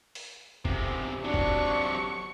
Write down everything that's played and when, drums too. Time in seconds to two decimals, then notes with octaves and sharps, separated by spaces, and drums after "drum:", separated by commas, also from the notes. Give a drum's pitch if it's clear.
0.15 drum: open hi-hat
0.65 E2 C3, drum: kick
1.24 C3 F#3 D4 C#6
1.34 drum: kick